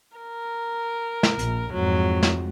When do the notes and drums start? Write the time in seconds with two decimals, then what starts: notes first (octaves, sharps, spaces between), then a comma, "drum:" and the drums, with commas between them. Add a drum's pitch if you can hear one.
0.17 A#4
1.23 drum: snare
1.39 A#1, drum: hi-hat
1.73 F2 G#2 F#3
2.23 drum: snare